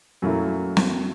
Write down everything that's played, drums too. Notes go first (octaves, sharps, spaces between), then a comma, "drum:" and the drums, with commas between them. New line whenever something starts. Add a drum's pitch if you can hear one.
F#2 F#3 A3 A#3 E4
drum: snare